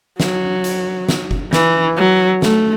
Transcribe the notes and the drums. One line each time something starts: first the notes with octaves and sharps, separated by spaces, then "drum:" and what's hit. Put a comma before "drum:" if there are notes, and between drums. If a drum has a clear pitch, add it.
F#3, drum: snare
drum: hi-hat
drum: snare
drum: kick F#1
E3, drum: snare
F#3
A3, drum: snare